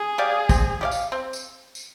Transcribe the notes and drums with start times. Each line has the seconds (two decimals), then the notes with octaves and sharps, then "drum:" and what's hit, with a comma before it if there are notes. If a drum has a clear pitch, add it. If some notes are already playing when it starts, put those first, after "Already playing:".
Already playing: G#4
0.18 G4 D5 F5
0.49 C4, drum: kick, tambourine
0.81 G4 D5 F5
0.91 drum: tambourine
1.12 C4
1.33 drum: tambourine
1.75 drum: tambourine